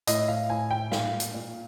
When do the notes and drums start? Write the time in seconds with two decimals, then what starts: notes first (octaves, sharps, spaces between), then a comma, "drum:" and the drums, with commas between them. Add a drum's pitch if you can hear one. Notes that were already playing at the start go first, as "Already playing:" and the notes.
0.07 A2 D#5, drum: hi-hat
0.28 F5
0.49 A2 G#5
0.71 G5
0.92 A#2 F5, drum: snare
1.20 drum: hi-hat
1.34 A#2